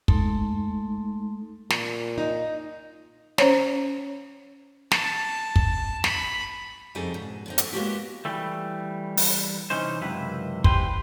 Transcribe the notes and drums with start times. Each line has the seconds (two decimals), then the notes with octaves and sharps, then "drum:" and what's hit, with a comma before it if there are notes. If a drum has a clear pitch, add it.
0.08 G#3 A3 D#4 A4 C6, drum: kick
1.70 A#2, drum: snare
2.18 D#4
3.38 C#4 C5 C#5, drum: snare
4.91 A5, drum: snare
5.56 drum: kick
6.04 B5, drum: snare
6.95 F2 C#3 G3 D#4 G#4 A4
7.14 G#2 B2
7.46 D3 C4 D#4
7.58 A3 G#4, drum: hi-hat
7.73 G#3 A#3 B3 D#4 F#4 G4
8.25 E3 G3 A3
9.17 drum: open hi-hat
9.70 C3 E3 C#4 D#4 C5
10.01 C#2 F#2 C3 E3 B4
10.64 C#2 E3 G4 B4 C5 C6, drum: kick